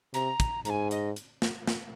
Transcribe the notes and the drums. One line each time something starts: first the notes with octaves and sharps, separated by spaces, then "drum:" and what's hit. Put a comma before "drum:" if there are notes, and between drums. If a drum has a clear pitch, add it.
C3 A#5, drum: hi-hat
drum: kick, hi-hat
G#2 G#5 A#5, drum: hi-hat
D#5, drum: hi-hat
drum: hi-hat
drum: snare
drum: snare